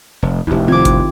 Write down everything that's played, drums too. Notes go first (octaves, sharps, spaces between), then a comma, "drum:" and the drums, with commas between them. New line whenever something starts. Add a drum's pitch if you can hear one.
F1
F1 D2 E4 G4
D#3 C4 F4 D6 G#6
drum: kick G#1, hi-hat